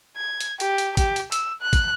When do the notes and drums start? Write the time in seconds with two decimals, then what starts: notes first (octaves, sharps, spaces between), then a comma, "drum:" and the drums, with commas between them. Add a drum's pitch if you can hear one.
0.16 G#6
0.41 drum: hi-hat
0.60 G4, drum: hi-hat
0.78 drum: hi-hat
0.97 G4, drum: kick, hi-hat
1.16 drum: hi-hat
1.32 E6, drum: hi-hat
1.61 F#6
1.73 drum: kick, hi-hat